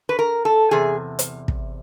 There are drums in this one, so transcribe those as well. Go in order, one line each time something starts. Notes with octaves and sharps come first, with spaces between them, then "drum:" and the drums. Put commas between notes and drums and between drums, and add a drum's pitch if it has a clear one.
B4
A#4
A4
E2 C3 G#4
drum: hi-hat
drum: kick